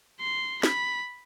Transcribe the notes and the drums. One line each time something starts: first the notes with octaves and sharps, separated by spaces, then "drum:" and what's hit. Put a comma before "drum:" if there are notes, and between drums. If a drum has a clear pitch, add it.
C6
B5, drum: snare